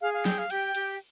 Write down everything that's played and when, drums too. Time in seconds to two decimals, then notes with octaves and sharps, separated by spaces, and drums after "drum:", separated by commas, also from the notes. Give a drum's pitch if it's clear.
0.01 G#4 F5
0.14 F5
0.25 G5, drum: snare
0.38 F5
0.50 G4 G5, drum: cymbal
0.75 G4, drum: cymbal